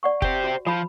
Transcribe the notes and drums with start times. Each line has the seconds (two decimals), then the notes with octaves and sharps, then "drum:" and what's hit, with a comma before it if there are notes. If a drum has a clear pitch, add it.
0.03 D5 F#5 C#6
0.22 G4 C5, drum: kick F#1
0.43 F#4
0.67 F3 F4 B5